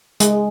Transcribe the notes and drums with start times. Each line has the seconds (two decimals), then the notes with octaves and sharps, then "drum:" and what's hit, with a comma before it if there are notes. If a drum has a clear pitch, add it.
0.20 G#3, drum: hi-hat